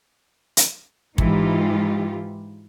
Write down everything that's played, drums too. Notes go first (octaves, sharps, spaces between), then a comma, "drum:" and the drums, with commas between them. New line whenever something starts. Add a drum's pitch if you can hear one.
drum: hi-hat
G#2 E3 D#4 F4 G4, drum: kick